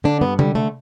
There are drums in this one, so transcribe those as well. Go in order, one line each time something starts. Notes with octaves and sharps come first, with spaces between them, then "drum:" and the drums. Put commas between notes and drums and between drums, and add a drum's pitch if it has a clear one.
D3 D4
G2 B3
D3 G3, drum: tom C3
D3 A3